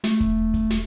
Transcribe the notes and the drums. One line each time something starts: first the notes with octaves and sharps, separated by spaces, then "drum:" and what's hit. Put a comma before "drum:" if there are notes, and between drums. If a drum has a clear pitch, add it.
A3, drum: snare
drum: kick E1, hi-hat
drum: kick E1, hi-hat
drum: snare